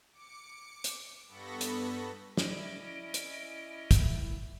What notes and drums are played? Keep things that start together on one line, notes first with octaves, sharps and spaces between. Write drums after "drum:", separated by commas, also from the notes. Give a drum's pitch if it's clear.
D6 C#7
drum: hi-hat
G2 B3 A4 B5 C#6 A#6
drum: hi-hat
C#4 E4 D5 D#5 D7, drum: snare
drum: hi-hat
drum: kick, hi-hat